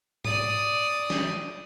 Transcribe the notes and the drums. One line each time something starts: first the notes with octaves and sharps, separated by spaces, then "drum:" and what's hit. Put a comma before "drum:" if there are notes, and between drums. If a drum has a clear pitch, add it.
D5 D#6, drum: tom G#2
drum: snare